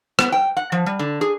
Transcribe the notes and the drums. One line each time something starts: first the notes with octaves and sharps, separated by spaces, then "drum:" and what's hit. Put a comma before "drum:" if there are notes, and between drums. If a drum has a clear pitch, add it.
B3, drum: rim click
G5
F#5
F3
G3
D3
G#4